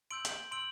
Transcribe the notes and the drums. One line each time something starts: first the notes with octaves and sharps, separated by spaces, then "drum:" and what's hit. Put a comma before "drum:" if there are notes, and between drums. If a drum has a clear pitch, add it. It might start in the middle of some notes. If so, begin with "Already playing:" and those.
C6 E6 G6 D7 F#7
drum: hi-hat
C6 E6 G6 D7 F#7